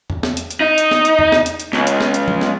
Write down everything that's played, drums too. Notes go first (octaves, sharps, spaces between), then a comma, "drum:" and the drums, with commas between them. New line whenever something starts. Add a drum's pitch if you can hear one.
drum: tom E2
drum: snare
drum: hi-hat
drum: hi-hat
D#4
drum: hi-hat
drum: snare
drum: hi-hat
drum: tom E2
drum: snare
drum: hi-hat
drum: hi-hat
C#2, drum: snare
drum: hi-hat
drum: snare
drum: hi-hat
drum: tom F3
drum: snare